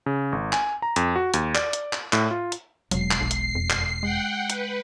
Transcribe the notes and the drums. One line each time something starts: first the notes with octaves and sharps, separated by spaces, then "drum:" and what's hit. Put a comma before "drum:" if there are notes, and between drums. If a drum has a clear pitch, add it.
C#3
G#1
G#5, drum: clap
A#5
F2, drum: hi-hat
F#4
D#2, drum: hi-hat
D5, drum: clap
drum: hi-hat
drum: clap
A2, drum: clap
F4
drum: hi-hat
E1 F#3 C7, drum: hi-hat
drum: clap
B1
drum: hi-hat
F2
drum: clap
G#3 F#5 G5
B4, drum: hi-hat